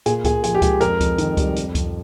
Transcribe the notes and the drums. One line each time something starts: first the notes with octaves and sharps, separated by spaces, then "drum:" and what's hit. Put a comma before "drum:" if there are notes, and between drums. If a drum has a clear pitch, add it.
A#2 G#4, drum: hi-hat
A#2 G#4, drum: kick C#2, hi-hat
F3 G#4, drum: hi-hat
G4
G#3 G#4, drum: kick C#2, hi-hat
F2 A#4, drum: hi-hat
F2, drum: kick C#2, hi-hat
D#3, drum: hi-hat
G3, drum: kick C#2, hi-hat
F2, drum: hi-hat
F2, drum: kick C#2, hi-hat